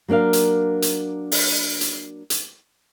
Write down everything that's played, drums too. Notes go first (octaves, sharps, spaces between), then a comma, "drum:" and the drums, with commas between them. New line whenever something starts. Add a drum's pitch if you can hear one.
F#3 A#3 D4 A#4 F5
drum: hi-hat
drum: hi-hat
drum: open hi-hat
drum: hi-hat
drum: hi-hat